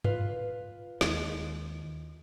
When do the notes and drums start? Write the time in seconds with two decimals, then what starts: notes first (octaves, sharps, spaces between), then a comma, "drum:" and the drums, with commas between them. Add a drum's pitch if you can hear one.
0.04 F4 B4 F5, drum: tom G2
1.01 D#2 G#3, drum: snare